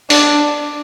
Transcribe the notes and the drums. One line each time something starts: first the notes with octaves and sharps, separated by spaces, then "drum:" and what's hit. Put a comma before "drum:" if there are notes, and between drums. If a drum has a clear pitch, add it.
D4, drum: open hi-hat